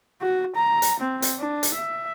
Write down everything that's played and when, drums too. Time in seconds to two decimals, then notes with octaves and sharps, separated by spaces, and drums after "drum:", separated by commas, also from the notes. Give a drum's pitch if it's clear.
0.21 F#4
0.56 A#5
0.82 drum: hi-hat
1.00 C4
1.22 drum: hi-hat
1.40 D4
1.63 drum: hi-hat
1.74 E5